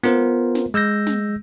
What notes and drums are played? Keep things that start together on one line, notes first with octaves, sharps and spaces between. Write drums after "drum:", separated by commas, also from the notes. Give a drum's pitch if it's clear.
B3 F4 A#4 C5, drum: snare
drum: snare
G#3 E6 G6 A#6
drum: snare